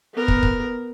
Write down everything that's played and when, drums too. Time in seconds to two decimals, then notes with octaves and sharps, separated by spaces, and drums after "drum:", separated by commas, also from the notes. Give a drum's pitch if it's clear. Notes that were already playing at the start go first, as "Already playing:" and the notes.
0.14 B3 A#4
0.28 drum: kick
0.43 drum: kick